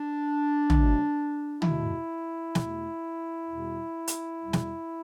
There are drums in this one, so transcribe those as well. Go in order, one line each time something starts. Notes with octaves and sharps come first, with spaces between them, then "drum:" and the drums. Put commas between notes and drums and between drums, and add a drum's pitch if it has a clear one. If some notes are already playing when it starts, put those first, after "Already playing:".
Already playing: D4
B2 F#3 A3, drum: tom
E2 B2 A3 E4, drum: tom
E2 B2 A3, drum: snare
E2 B2 G3
drum: hi-hat
E2 B2 G3
drum: snare